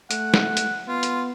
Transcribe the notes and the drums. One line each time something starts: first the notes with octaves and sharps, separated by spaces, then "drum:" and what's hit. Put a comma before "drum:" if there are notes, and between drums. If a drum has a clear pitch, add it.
A3 F#5, drum: hi-hat
drum: snare
drum: hi-hat
B3 F4
drum: hi-hat